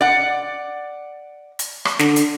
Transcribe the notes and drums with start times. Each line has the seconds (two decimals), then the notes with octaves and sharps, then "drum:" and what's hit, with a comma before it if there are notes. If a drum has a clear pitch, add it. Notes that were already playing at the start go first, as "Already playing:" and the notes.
0.01 D5 F#5
1.59 drum: hi-hat
1.85 drum: rim click
1.99 D3, drum: snare
2.16 drum: hi-hat